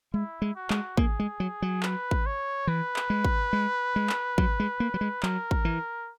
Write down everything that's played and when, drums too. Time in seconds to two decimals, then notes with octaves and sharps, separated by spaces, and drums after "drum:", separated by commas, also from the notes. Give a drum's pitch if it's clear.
0.14 G#3 E4
0.42 G#3
0.55 F#4
0.70 G#3, drum: clap
0.97 A#3 G#4, drum: kick
1.20 G#3
1.40 F#3
1.62 F#3
1.83 B4, drum: clap
2.11 drum: kick
2.26 C#5
2.67 E3 B4
2.96 drum: clap
3.10 G#3
3.25 drum: kick
3.53 G#3
3.96 G#3
4.09 drum: clap
4.38 F#3, drum: kick
4.60 G#3
4.80 A#3
4.94 F#3
5.01 G#3
5.23 F#3 A#4, drum: clap
5.51 drum: kick
5.65 E3